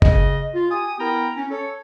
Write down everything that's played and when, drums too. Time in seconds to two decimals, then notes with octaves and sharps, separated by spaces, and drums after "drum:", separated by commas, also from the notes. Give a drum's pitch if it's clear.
0.02 C#3 D#5, drum: kick F#1
0.54 F4
0.71 G4 G#5 D#6
0.99 B3 E4 A#4 G5 A#5
1.36 C#4
1.51 A4 C#5